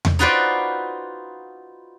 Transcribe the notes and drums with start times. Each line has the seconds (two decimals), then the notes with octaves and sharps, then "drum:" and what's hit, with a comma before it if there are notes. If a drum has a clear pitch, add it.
0.05 drum: tom E2
0.19 D#4 F4 F#4 B4 C5 D5